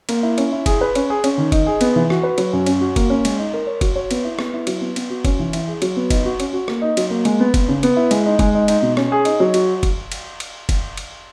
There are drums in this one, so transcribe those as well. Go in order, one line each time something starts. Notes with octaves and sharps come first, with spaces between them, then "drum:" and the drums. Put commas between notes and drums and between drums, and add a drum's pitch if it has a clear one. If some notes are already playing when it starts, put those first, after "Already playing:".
A#3, drum: cymbal
E4
C#4, drum: cymbal
E4
G#4, drum: kick F#1, cymbal
B4
C#4, drum: cymbal
G#4
C#4, drum: cymbal
D#3
D#4, drum: kick F#1, cymbal
G#4
B3, drum: cymbal
E3
F#4, drum: rim click
B4
F#3, drum: cymbal
F#2
C#4, drum: cymbal
F#4
A#3, drum: kick F#1, cymbal
C#4
G#3, drum: cymbal
D#4
A#4
C#5
F#4, drum: kick F#1, cymbal
C#5
B3, drum: cymbal
E4
B3, drum: rim click
E4
F#3, drum: cymbal
B3
B3, drum: cymbal
F#4
C#4, drum: kick F#1, cymbal
E3
E4, drum: cymbal
G#4
F#3, drum: cymbal
B3
D#4, drum: kick F#1, cymbal
F#4
C#4, drum: cymbal
F#4
A#3, drum: rim click
D#4
F#3, drum: cymbal
A#3
G#3, drum: cymbal
B3
B3, drum: kick F#1, cymbal
C#3
B3, drum: cymbal
E4
G#3, drum: cymbal
D#4
G#3, drum: kick F#1, cymbal
D#4
D#4, drum: cymbal
B2
C#4, drum: rim click
G#4
D#4, drum: cymbal
F#3
F#4, drum: cymbal
drum: kick F#1, cymbal
drum: cymbal
drum: cymbal
drum: kick F#1, cymbal
drum: cymbal